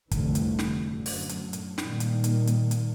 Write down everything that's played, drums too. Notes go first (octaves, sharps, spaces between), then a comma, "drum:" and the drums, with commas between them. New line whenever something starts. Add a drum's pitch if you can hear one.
F1 C2 D3 E3 A3, drum: kick, hi-hat
drum: hi-hat
drum: snare
F#2 A2 D3 F#3
drum: open hi-hat
drum: hi-hat
drum: hi-hat
A#2 D#3 G3 A#3, drum: snare
drum: hi-hat
drum: hi-hat
drum: hi-hat
drum: hi-hat